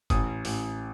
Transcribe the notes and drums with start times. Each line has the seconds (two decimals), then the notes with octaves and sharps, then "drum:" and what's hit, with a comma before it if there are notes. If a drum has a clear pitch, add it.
0.10 A1 D#6, drum: kick F#1, hi-hat
0.45 A1, drum: open hi-hat